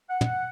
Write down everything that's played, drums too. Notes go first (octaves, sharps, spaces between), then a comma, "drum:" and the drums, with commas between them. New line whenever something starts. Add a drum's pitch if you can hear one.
F#5
drum: tom